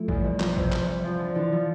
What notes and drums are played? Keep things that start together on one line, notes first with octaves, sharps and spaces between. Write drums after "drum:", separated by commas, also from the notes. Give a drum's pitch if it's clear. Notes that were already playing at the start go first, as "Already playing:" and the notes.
Already playing: F3 A3 E4
E2 E3 G3, drum: kick A1
B2
F3 G3, drum: clap
C3, drum: kick A1
G3, drum: clap
E3
F3
D3
D3 E3
F3